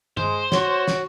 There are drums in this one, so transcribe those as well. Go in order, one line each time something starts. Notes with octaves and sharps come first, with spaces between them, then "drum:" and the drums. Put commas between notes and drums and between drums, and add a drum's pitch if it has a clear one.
G#3 C5, drum: tom G2
F#4 C#5, drum: snare
drum: snare